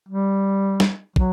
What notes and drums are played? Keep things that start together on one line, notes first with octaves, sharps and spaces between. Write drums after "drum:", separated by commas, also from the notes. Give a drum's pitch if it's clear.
G3
drum: snare
F#3, drum: kick